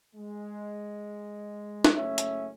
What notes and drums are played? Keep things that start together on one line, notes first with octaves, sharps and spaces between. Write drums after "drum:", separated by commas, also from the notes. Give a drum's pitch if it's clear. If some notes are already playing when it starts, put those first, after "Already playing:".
G#3
drum: snare D#4
F#1 A3 C#4 E5
drum: hi-hat